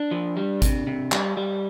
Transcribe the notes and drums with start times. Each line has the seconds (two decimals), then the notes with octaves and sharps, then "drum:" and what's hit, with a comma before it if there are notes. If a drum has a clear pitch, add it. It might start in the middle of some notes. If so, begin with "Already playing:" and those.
Already playing: D4
0.11 F3
0.37 G3
0.62 C3, drum: kick G#1, hi-hat
0.87 C3
1.12 G3, drum: clap
1.37 G3